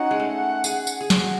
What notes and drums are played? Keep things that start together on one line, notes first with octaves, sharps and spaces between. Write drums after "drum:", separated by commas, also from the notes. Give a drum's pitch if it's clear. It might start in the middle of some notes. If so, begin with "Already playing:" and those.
Already playing: C#4 D#4 F#4 F#5
G#3
A3
G#4, drum: tambourine
drum: tambourine
G#4
F#4, drum: snare